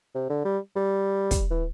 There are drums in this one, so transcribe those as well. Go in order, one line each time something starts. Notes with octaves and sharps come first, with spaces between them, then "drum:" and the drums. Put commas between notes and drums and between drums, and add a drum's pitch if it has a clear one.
C3
D3
G3
G3
drum: kick, hi-hat
E3